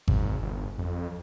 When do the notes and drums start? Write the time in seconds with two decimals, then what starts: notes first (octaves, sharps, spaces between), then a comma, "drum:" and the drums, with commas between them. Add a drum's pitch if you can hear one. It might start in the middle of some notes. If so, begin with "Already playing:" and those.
0.08 G#1, drum: kick G#1
0.42 G1
0.78 F2